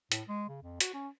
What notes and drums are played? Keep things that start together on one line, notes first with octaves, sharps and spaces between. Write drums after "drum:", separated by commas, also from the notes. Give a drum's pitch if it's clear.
A2, drum: hi-hat
G#3
C#3
F2
F#4, drum: hi-hat
C#4